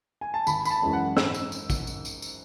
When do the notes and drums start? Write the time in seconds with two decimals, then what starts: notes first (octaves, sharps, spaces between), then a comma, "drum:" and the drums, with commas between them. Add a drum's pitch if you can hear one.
0.21 G#5
0.34 A5
0.47 G#1 B5, drum: tambourine
0.65 B5, drum: tambourine
0.70 A5
0.82 F#2 E3 G#3 C#4
0.93 F#5
1.17 G#2 E6, drum: snare
1.35 drum: tambourine
1.52 drum: tambourine
1.70 drum: kick, tambourine
1.87 drum: tambourine
2.05 drum: tambourine
2.22 drum: tambourine